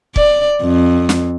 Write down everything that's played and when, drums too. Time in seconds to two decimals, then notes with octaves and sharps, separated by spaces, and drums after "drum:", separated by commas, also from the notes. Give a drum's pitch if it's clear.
0.16 D5, drum: kick
0.63 F2
1.09 drum: snare